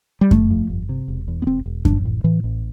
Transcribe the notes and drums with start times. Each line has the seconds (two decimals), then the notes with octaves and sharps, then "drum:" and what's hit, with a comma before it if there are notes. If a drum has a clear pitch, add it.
0.21 G3
0.31 G1 A3, drum: kick F#2
0.50 F2
0.70 G1
0.89 C3
1.08 E1
1.28 E2
1.42 B3
1.47 E1 C4
1.66 E1
1.85 A1 D4, drum: kick F#2
2.05 A2
2.24 A2 E3
2.44 A1